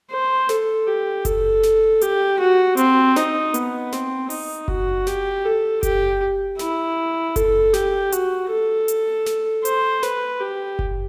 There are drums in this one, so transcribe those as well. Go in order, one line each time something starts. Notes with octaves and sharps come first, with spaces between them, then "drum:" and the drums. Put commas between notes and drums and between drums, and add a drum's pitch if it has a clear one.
C5
A4, drum: snare
G4
A4, drum: kick F#1, hi-hat
drum: snare
G4, drum: hi-hat
F#4
C4, drum: hi-hat
D#4, drum: snare
B3, drum: hi-hat
C4, drum: snare
D#4, drum: open hi-hat
F#4, drum: kick F#1
G4, drum: snare
A4
G4, drum: kick F#1, hi-hat
E4, drum: snare
A4, drum: kick F#1, hi-hat
G4, drum: snare
F#4, drum: hi-hat
A4
drum: hi-hat
drum: snare
C5, drum: hi-hat
B4, drum: snare
G4
drum: kick F#1